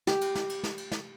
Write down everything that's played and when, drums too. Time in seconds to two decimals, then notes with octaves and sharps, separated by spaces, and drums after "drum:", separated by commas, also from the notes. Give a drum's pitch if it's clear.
0.07 G4, drum: snare
0.21 drum: cymbal
0.35 drum: snare
0.49 drum: cymbal
0.63 drum: snare
0.77 drum: cymbal
0.92 drum: snare